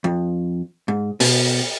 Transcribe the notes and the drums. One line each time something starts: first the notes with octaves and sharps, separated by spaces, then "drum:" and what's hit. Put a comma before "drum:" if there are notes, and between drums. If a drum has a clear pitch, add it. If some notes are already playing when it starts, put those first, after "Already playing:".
F2
G#2
B2, drum: open hi-hat